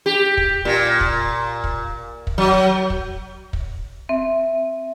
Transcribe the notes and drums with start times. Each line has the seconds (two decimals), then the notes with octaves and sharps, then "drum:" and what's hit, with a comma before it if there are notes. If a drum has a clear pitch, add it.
0.06 G4
0.37 drum: kick
0.65 A#2
1.01 drum: kick
1.64 drum: kick
2.27 drum: kick
2.38 F#3
2.90 drum: kick
3.53 drum: kick
4.09 C4 E5